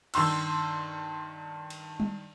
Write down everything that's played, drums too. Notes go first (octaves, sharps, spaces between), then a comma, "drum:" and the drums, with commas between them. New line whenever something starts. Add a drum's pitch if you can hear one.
G2 D#3 C6 E6, drum: cymbal
drum: cymbal
drum: tom G3